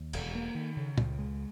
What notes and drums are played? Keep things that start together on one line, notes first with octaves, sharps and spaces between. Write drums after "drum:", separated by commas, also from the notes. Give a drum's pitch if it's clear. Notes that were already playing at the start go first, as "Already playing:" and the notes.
Already playing: D#2
E1, drum: cymbal
A#3
D#3
C#3
C#2, drum: tom
G#3